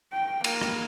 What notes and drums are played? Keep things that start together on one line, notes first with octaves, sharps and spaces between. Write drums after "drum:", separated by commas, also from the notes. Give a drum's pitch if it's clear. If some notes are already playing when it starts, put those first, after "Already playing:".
G5
A#3, drum: cymbal
drum: rim click